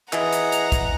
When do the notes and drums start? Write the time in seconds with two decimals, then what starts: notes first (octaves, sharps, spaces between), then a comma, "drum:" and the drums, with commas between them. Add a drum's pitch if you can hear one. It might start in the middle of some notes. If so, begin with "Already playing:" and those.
0.13 E3 G#4 D#5 F#5 A#5, drum: clap
0.33 drum: hi-hat
0.52 drum: hi-hat
0.72 drum: kick, hi-hat